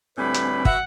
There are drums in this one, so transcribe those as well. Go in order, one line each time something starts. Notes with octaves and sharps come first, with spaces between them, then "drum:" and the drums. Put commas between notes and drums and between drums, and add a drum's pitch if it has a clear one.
D2 A2 G3 C4 B4 G#5
drum: hi-hat
F#4 E5 F#5, drum: kick